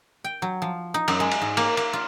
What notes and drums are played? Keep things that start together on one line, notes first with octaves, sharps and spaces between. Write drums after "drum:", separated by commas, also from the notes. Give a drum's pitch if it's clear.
G5
F#3
F3
D#4
F#2, drum: cymbal
G#3
drum: cymbal
G#2
A#3, drum: cymbal
A#3, drum: cymbal
F4